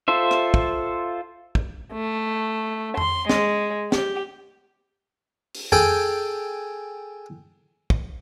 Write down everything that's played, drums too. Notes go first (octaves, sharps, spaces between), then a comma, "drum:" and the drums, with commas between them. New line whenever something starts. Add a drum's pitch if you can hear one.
F4 A4 C5 E5
drum: rim click
drum: kick
drum: kick
A3
C6, drum: tom F2
G#3, drum: snare
G4, drum: snare
drum: open hi-hat
G#4 A4 G5 G#5, drum: tom F2
drum: kick